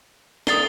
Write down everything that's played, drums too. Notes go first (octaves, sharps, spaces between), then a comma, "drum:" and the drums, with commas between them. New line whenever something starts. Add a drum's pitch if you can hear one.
D#6 A6 C7 G7, drum: snare